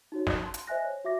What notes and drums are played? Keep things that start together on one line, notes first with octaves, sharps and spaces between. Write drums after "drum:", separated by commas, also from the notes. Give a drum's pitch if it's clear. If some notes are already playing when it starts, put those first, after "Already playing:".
D#4 F#4 C#5
drum: snare
A5 C6
drum: hi-hat
C5 D#5 E5 G#5 F#6 A#6
C#5
F#4 E5 D6 A#6